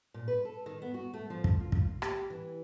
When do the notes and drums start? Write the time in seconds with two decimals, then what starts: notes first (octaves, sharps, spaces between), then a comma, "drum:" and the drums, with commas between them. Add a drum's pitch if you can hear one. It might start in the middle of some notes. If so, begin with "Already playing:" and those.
0.14 A#2
0.28 B4
0.45 A4
0.66 D#3
0.82 B3
0.94 F#4
1.14 A3
1.30 F3
1.44 drum: kick
1.60 F4
1.72 drum: kick
2.02 G4, drum: rim click
2.30 E3